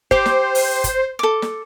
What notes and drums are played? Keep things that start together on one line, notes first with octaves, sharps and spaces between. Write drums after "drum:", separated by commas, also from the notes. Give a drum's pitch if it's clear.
G4 C5 D6, drum: kick
drum: snare
drum: open hi-hat
drum: kick, hi-hat
A4 D6
drum: snare